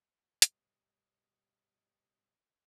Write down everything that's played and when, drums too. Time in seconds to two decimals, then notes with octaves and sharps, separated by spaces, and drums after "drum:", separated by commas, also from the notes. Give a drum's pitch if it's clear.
0.42 G2 B2 G3 C#5 D#5 D#6, drum: hi-hat